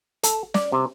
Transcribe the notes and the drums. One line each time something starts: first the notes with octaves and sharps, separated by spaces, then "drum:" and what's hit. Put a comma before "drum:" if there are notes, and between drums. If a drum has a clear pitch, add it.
A4, drum: hi-hat
D5, drum: snare
C3